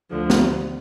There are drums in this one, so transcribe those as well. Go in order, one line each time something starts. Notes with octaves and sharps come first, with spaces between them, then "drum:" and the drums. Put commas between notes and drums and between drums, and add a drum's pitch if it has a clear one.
D2 D3 F3
drum: snare